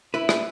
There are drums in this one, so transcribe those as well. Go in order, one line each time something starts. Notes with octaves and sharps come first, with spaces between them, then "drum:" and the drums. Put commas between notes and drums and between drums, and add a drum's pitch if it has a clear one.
E4 B4
B4, drum: rim click